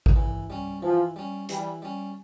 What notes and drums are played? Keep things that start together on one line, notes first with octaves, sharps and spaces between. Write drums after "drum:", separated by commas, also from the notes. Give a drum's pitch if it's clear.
drum: kick A1
E3
G3 C#4
E3 F3
G3 C#4
E3 G3, drum: hi-hat
G3 C#4